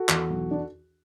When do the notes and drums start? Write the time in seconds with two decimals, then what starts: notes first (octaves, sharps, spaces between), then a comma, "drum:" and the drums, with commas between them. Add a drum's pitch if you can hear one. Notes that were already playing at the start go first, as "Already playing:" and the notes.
Already playing: F#4 A4
0.09 E2, drum: clap
0.30 B1
0.51 D4